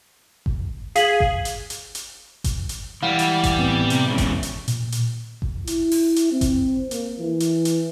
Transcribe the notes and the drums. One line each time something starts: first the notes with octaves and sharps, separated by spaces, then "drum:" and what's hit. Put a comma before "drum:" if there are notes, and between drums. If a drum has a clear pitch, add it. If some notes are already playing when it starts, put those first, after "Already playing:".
drum: kick G1
G#4 F5 B6 F#7, drum: hi-hat
drum: kick G1
drum: hi-hat
drum: hi-hat
drum: hi-hat
drum: kick G1, hi-hat
drum: hi-hat
E3 G3 F5 F#5
drum: hi-hat
drum: kick G1, hi-hat
A2 B3 C4
C3, drum: hi-hat
E3 G#3 C#4
drum: kick G1, hi-hat
drum: hi-hat
A#2, drum: hi-hat
drum: hi-hat
drum: kick G1
E4, drum: hi-hat
drum: open hi-hat
drum: hi-hat
C4
drum: kick G1, hi-hat
A#3, drum: hi-hat
E3
drum: hi-hat
drum: hi-hat